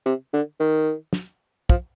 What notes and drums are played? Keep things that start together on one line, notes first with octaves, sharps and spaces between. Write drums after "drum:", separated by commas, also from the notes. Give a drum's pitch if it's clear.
C3
D3
D#3
drum: snare
F3, drum: kick